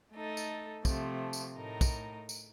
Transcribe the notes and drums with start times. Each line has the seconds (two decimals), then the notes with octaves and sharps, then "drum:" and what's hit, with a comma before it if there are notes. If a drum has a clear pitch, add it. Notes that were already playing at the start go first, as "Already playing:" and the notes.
0.13 A3 D#4 A4
0.37 drum: tambourine
0.85 C3 F3 A3, drum: kick, tambourine
1.33 drum: tambourine
1.57 A2 A3 D#4 A#4
1.81 drum: kick, tambourine
2.29 drum: tambourine